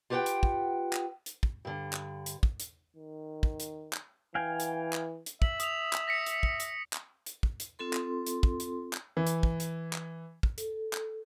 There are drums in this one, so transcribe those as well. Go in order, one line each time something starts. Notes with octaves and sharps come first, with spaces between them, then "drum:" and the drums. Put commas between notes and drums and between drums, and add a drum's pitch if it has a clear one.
F4 G4 B4 C#5 F#5 G5
drum: hi-hat
drum: kick
drum: clap
drum: hi-hat
drum: kick
G2 D3
drum: clap
drum: hi-hat
drum: kick
drum: hi-hat
D#3
drum: kick
drum: hi-hat
drum: clap
E3 F5 G5 G#5
drum: hi-hat
drum: clap
drum: hi-hat
E5 F#7, drum: kick
D#6 F7, drum: hi-hat
drum: clap
A#6 B6 C#7
drum: hi-hat
drum: kick
drum: hi-hat
drum: clap
drum: hi-hat
drum: kick
drum: hi-hat
C4 F4 A4 C6
drum: clap
drum: hi-hat
drum: kick
drum: hi-hat
drum: clap
E3
drum: hi-hat
drum: kick
drum: hi-hat
drum: clap
drum: kick
A4, drum: hi-hat
drum: clap